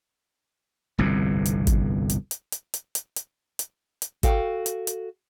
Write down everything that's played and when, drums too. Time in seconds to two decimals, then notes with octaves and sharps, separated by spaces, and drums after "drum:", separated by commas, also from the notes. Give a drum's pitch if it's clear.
0.98 G1 C2 F2 B2
1.46 drum: hi-hat
1.67 drum: kick, hi-hat
2.10 drum: hi-hat
2.31 drum: hi-hat
2.52 drum: hi-hat
2.74 drum: hi-hat
2.95 drum: hi-hat
3.16 drum: hi-hat
3.59 drum: hi-hat
4.02 drum: hi-hat
4.23 F#4 A4 F5 G5, drum: kick, hi-hat
4.66 drum: hi-hat
4.87 drum: hi-hat